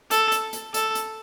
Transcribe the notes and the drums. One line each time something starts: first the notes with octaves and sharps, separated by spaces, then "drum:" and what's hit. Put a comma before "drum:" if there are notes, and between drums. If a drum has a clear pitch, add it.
A4, drum: hi-hat
drum: hi-hat
drum: hi-hat
A4, drum: hi-hat
drum: hi-hat